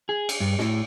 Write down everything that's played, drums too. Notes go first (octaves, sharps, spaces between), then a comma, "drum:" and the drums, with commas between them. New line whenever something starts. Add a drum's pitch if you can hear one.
G#4
drum: cymbal
G2
A2, drum: snare